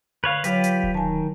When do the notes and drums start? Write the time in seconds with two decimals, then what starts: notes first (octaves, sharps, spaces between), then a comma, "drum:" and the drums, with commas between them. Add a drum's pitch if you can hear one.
0.24 D3 B4 C#5 F5
0.44 F#3 F4 G4 B4 C#5, drum: hi-hat
0.64 drum: hi-hat
0.83 drum: kick D1
0.94 D#3 G#5 A5